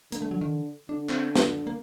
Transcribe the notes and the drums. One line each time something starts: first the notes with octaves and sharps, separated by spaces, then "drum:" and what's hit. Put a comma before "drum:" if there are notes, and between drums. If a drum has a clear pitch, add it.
D3 A#3, drum: hi-hat
A3
F#3
D#3
D3 D4
C4, drum: clap
drum: snare
A#3